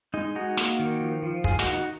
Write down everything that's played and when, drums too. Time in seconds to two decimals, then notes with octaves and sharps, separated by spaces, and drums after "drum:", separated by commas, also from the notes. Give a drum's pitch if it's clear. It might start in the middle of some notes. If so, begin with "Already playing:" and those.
0.14 G#3 D#4
0.35 G#3 D#4 F#4
0.57 A#3, drum: snare
0.79 D#3
1.01 F3
1.23 F3
1.44 D#3 F4 G#4, drum: kick
1.59 D#4 F#4, drum: snare
1.66 D#3
1.73 D#4 F#4